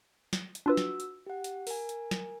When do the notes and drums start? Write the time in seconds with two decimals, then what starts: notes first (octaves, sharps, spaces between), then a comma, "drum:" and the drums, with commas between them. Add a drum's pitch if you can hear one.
0.33 drum: snare
0.55 drum: hi-hat
0.66 D4 F4 F#4 B4 E6
0.77 drum: snare
1.00 drum: hi-hat
1.27 G4 F#5
1.44 drum: hi-hat
1.67 A#4 G#5, drum: open hi-hat
1.89 drum: hi-hat
2.11 drum: snare